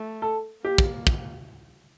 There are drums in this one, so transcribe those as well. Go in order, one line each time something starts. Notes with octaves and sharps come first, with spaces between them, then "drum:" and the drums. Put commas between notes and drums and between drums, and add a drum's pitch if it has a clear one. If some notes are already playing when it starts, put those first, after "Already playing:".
Already playing: A3
A4
A#3 G4
drum: kick
drum: kick